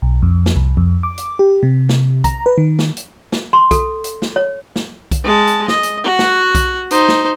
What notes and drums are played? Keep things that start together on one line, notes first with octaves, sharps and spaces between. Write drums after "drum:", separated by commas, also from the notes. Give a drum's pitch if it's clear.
B1
F2
drum: snare
C2
F2
D6
drum: hi-hat
G4
C3
drum: snare
A#5, drum: kick B1, hi-hat
B4
D#3
drum: snare
drum: hi-hat
drum: snare
C6
A4, drum: kick B1, hi-hat
drum: hi-hat
drum: snare
C#5
drum: snare
drum: kick B1, hi-hat
G#3 A5
drum: hi-hat
D#5, drum: snare
drum: hi-hat
F#4 F#5
drum: snare
drum: kick B1, hi-hat
D#4 C5, drum: hi-hat
drum: snare